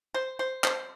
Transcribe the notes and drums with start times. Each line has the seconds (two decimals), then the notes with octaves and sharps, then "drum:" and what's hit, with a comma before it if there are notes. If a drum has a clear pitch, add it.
0.14 C5
0.39 C5
0.64 C5, drum: clap